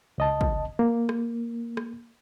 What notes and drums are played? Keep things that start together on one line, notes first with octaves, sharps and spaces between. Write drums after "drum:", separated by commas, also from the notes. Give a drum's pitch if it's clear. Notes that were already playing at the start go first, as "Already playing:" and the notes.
C#2 D#5 A5
drum: kick
A#3
drum: rim click
drum: rim click